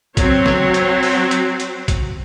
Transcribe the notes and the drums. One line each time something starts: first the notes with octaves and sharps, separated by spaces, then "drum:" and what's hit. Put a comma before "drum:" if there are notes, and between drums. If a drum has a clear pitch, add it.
F#3 C4 C#5, drum: kick, hi-hat
drum: snare
drum: hi-hat
drum: open hi-hat
drum: hi-hat
drum: hi-hat
drum: kick, hi-hat